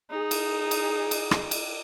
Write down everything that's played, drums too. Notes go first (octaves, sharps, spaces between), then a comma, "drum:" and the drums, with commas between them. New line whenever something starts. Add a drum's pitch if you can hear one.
D#4 G#4
drum: cymbal
drum: cymbal
drum: cymbal
drum: rim click
drum: cymbal